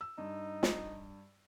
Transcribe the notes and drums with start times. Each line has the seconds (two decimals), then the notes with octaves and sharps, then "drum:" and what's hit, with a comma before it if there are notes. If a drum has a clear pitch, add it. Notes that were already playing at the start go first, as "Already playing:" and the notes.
0.01 E6
0.18 G2 D#4
0.63 drum: snare